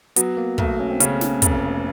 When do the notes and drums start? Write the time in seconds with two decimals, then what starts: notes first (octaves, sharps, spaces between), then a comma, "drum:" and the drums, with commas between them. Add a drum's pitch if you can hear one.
0.16 F#3 B3, drum: hi-hat
0.37 A#3
0.58 B1 A3, drum: kick
0.80 C#4
0.91 C4
1.00 C#3 C#4, drum: hi-hat
1.21 drum: snare
1.42 F1, drum: kick, hi-hat